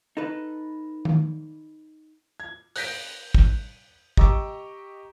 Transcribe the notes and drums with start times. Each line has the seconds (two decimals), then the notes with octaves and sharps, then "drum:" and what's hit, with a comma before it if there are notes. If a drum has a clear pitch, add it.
0.17 D#4 A4 B4
1.05 drum: tom D#3
2.40 G#6
2.76 F#6 G6 A#6 B6 D7, drum: open hi-hat
3.34 drum: kick
4.17 G4 D#5 A#5 C#6 D6 E6, drum: kick